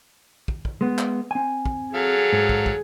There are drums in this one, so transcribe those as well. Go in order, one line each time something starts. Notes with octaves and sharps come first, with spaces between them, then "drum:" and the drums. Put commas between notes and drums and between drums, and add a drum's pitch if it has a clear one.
drum: kick
drum: kick
G#3 B3
drum: clap
C4 G#5
drum: kick
F#3 G#4 A4 F5
G#2
drum: kick
drum: kick